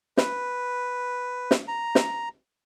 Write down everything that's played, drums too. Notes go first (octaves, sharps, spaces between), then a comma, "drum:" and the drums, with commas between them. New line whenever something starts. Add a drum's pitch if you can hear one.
B4, drum: snare
drum: snare
A#5
drum: snare